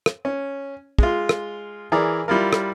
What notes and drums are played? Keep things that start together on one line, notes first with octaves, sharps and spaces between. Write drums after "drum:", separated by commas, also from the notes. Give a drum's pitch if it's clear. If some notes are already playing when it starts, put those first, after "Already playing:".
drum: rim click
C#4
G#3 F4, drum: kick
drum: rim click
E3 G#4 A#4 D5 A#5
G3 E4 F4 A#4
drum: rim click